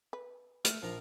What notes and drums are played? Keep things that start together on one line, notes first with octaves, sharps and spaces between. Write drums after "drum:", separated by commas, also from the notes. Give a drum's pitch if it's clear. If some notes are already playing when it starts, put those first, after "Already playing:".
B4
A3 F6, drum: hi-hat
A#1 F3 F4 A#4 A#5